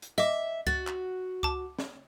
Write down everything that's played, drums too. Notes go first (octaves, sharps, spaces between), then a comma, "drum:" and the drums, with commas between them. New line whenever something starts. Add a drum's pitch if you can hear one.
drum: hi-hat
D#5 E5 D6
F#4 A6, drum: kick C#2
drum: clap
A5 D6, drum: kick C#2
drum: snare